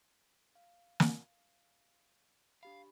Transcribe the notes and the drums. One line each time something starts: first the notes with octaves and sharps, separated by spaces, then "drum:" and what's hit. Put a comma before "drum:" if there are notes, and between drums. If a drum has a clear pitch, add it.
F5
drum: snare
D4 G4 F5 B5